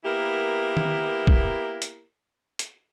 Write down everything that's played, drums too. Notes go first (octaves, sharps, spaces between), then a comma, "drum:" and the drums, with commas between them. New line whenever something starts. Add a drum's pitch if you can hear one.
A#3 B3 E4 G4 A#4
drum: tom D#3
drum: kick
drum: hi-hat
drum: hi-hat